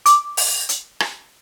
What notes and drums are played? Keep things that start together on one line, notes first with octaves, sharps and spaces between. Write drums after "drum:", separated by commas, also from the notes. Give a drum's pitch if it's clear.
D6, drum: hi-hat
drum: open hi-hat
drum: hi-hat
drum: rim click